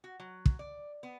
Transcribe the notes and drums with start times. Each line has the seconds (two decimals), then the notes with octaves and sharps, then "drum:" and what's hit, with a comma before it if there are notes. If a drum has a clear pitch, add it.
0.04 F#4
0.20 F#3
0.46 drum: kick
0.59 D5
1.03 B3